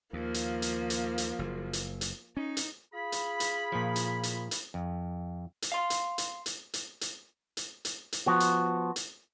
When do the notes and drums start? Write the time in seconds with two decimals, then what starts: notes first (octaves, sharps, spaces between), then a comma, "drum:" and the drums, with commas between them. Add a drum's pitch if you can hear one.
0.13 D#2 F3 A#3
0.34 drum: hi-hat
0.62 drum: hi-hat
0.90 drum: hi-hat
1.18 drum: hi-hat
1.39 F#1
1.73 drum: hi-hat
2.01 drum: hi-hat
2.37 C#4 D#4
2.57 drum: hi-hat
2.93 F4 G#4 B5
3.12 drum: hi-hat
3.40 drum: hi-hat
3.72 A#2 F3
3.96 drum: hi-hat
4.23 drum: hi-hat
4.51 drum: hi-hat
4.74 F2
5.62 drum: hi-hat
5.72 F5 C6
5.90 drum: hi-hat
6.18 drum: hi-hat
6.46 drum: hi-hat
6.74 drum: hi-hat
7.01 drum: hi-hat
7.57 drum: hi-hat
7.85 drum: hi-hat
8.12 drum: hi-hat
8.26 F3 B3 F#4
8.40 drum: hi-hat
8.96 drum: hi-hat